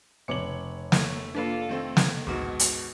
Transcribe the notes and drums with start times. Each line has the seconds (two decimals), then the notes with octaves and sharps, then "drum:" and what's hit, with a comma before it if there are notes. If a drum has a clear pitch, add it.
0.28 F1 C#3 C#5 D6 C#7 F#7
0.92 A3 A#5, drum: snare
1.35 A#3 D4 F4 A4 B4 D5
1.69 D#3 A3 C4 A4
1.97 drum: snare
2.27 A1 D2 G#2 B2 F#4 E7
2.59 drum: hi-hat